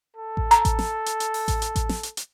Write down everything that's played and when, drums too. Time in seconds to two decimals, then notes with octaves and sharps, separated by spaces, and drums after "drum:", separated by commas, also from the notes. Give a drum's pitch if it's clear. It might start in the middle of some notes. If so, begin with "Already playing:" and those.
0.16 A4
0.37 drum: kick A1
0.51 A#5, drum: hi-hat
0.65 drum: kick A1, hi-hat
0.79 drum: snare
1.06 drum: hi-hat
1.20 drum: hi-hat
1.34 drum: open hi-hat
1.48 drum: kick A1, hi-hat
1.62 drum: hi-hat
1.76 drum: kick A1, hi-hat
1.89 drum: snare
2.03 drum: hi-hat
2.17 drum: hi-hat